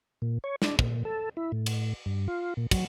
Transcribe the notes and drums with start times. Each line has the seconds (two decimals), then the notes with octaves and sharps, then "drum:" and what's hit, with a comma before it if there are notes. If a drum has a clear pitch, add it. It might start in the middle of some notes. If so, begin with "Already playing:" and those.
0.22 A#2
0.44 C#5
0.62 D4, drum: snare
0.79 A#2, drum: kick
1.05 A4
1.37 E4
1.52 A2
1.66 drum: cymbal
2.06 G2
2.28 F4
2.57 A#2
2.71 F#3, drum: kick, cymbal